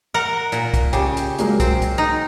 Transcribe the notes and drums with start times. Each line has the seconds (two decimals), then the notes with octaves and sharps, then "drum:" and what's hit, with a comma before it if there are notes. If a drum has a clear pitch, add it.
0.14 A#4 F#5 A#5
0.52 A#2, drum: hi-hat
0.74 drum: kick C2, hi-hat
0.93 C#3 C#4 G4, drum: hi-hat
1.17 drum: hi-hat
1.39 F#3 G#3 A#3, drum: hi-hat
1.60 C4, drum: kick C2, hi-hat
1.82 drum: hi-hat
1.98 D#4